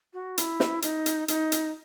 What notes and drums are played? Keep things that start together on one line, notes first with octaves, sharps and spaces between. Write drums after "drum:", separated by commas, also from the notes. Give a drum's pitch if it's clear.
F#4
E4, drum: hi-hat
drum: snare
D#4, drum: hi-hat
drum: hi-hat
D#4, drum: hi-hat
drum: hi-hat